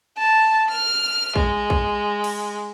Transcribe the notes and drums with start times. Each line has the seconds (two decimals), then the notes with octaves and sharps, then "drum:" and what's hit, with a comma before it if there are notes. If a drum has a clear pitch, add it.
0.17 A5
0.70 F6
1.36 G#3, drum: kick
1.70 drum: kick
2.24 drum: cymbal